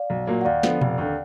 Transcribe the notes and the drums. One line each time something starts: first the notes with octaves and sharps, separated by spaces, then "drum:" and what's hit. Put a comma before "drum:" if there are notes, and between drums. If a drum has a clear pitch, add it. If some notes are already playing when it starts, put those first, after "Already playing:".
Already playing: D5 F5
B1
A#2 F#3 A#3
F#5
D#2 D5 F5
D3 F3 B3, drum: snare
F1, drum: tom A#2
D#2 D3